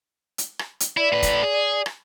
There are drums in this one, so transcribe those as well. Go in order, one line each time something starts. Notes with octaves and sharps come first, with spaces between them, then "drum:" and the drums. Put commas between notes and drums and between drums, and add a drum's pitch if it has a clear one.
drum: hi-hat
drum: rim click
drum: hi-hat
E4 D5
A2 B4
drum: kick, hi-hat
G#4
drum: rim click